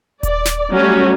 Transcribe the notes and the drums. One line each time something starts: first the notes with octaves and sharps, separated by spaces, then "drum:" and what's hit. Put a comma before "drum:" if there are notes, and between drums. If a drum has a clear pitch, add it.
D5, drum: kick D#1, hi-hat
drum: snare
F#3 G3 A3 C#4 F#4